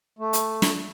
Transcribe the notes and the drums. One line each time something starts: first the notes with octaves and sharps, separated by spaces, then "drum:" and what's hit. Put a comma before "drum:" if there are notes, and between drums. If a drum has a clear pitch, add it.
A3
drum: hi-hat
drum: snare